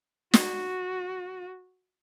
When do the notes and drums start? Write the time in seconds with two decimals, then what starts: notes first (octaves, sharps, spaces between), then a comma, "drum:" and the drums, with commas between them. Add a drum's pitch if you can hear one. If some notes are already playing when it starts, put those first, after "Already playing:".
0.34 F#4, drum: snare